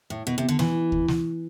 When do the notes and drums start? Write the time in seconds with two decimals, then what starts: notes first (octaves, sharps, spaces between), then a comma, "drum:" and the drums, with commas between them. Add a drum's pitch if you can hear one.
0.10 A2
0.27 B2
0.38 C3
0.49 D3
0.59 E3, drum: snare
0.92 drum: kick D2
1.08 drum: snare